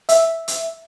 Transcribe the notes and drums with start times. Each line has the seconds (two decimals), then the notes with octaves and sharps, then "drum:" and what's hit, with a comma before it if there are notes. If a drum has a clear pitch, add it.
0.09 E5, drum: hi-hat
0.48 drum: hi-hat